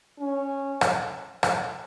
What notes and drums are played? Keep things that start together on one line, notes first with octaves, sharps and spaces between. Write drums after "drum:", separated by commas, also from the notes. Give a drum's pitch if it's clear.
C#4
drum: rim click
drum: rim click